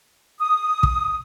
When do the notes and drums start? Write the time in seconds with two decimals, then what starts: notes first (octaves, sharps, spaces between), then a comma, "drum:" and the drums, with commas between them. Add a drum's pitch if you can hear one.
0.39 D#6
0.83 drum: kick